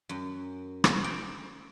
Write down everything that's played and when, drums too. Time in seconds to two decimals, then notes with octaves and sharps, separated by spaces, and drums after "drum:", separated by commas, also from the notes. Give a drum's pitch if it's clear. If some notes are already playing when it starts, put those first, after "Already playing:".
0.09 F#2
0.84 drum: rim click
1.04 G5